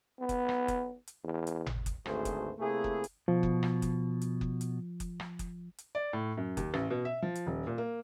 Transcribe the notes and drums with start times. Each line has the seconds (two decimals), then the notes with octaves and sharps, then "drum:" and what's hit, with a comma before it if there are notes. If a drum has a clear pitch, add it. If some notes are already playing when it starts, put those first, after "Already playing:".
0.20 B3
0.29 drum: kick F#1, hi-hat
0.49 drum: rim click
0.68 drum: kick F#1, hi-hat
1.07 drum: hi-hat
1.23 E2
1.47 drum: hi-hat
1.66 drum: tom G#1
1.86 drum: kick F#1, hi-hat
2.06 G#1 D2 A3 G#4 B4 C5, drum: rim click
2.25 drum: kick F#1, hi-hat
2.59 C3 A3 A#3 E4 G#4
2.84 drum: kick F#1
3.04 drum: hi-hat
3.28 B2 F3
3.43 drum: kick F#1
3.63 drum: rim click
3.82 drum: kick F#1, hi-hat
4.21 drum: hi-hat
4.41 drum: kick F#1
4.61 drum: hi-hat
5.00 drum: kick F#1, hi-hat
5.20 drum: rim click
5.39 drum: kick F#1, hi-hat
5.78 drum: hi-hat
5.95 D5
6.13 A2
6.37 F#2
6.57 D#2, drum: kick F#1, hi-hat
6.74 A1, drum: rim click
6.90 B2
7.05 E5
7.22 F3
7.35 drum: hi-hat
7.47 D#1
7.67 A#2
7.78 A#3